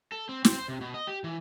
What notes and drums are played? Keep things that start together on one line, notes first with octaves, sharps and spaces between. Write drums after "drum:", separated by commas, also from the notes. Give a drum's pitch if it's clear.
A4
C4
C4, drum: snare
C5
C3
B2
D#5
G4
E3